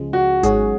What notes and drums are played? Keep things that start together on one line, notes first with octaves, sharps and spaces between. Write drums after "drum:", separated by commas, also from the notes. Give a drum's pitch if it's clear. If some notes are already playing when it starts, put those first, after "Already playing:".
Already playing: C#2 C#3 F3 G#3
F#4
G#2 F#3 C#4 F#4 G#4, drum: kick G#1, hi-hat